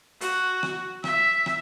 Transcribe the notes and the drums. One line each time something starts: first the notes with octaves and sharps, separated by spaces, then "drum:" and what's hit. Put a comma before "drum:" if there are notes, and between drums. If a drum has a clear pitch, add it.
F#4, drum: hi-hat
drum: rim click
E5, drum: rim click
drum: rim click